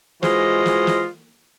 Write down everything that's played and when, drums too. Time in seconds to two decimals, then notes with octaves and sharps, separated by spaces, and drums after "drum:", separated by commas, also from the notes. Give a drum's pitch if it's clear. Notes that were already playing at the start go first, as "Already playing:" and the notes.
0.23 E3 G#3 F4 F#4 C5 D#5, drum: snare
0.66 drum: snare
0.87 drum: snare